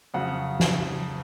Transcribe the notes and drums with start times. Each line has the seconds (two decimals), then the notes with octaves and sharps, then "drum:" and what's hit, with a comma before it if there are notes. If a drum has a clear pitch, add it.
0.14 F2 C#3 F#3 F#5
0.60 drum: snare